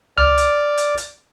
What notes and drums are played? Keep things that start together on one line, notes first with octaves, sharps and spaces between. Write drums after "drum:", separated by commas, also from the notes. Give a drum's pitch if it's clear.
D5 D6 F6, drum: tom C#2
drum: hi-hat
drum: hi-hat
drum: hi-hat